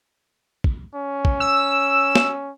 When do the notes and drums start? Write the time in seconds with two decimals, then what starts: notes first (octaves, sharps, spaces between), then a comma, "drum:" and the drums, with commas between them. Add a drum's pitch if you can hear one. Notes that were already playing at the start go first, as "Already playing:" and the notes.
0.64 drum: kick
0.95 C#4
1.25 drum: kick
1.40 E6
2.16 drum: snare